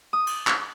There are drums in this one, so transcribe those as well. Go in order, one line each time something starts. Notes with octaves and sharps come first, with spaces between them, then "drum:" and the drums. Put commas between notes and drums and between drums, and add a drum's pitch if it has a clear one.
D#6
drum: cymbal
drum: clap